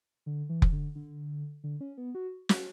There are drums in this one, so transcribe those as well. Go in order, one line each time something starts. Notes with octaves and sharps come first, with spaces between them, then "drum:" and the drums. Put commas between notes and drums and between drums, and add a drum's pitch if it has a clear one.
D3
E3
drum: kick F1
D3
D3
D3
C#4
B3
F#4
F#4, drum: snare